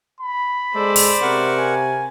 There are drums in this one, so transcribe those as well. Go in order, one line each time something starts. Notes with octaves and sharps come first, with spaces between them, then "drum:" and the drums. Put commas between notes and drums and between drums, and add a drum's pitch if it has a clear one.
B5
G#3 A4 C5 D5
drum: open hi-hat
C3 A#4 F#5 C#6
G#5